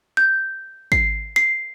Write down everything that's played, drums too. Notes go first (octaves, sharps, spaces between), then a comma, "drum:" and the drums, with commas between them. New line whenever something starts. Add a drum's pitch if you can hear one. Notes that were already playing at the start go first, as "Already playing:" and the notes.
G6
C7, drum: kick
C7